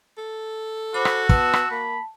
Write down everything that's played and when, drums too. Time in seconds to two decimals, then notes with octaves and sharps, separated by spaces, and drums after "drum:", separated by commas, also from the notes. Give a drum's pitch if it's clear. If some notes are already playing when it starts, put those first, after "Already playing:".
0.18 A4
0.94 F#4 C5 B5 D6
1.05 drum: rim click
1.29 B3 A5 E6, drum: kick
1.53 drum: rim click
1.71 A#3 B5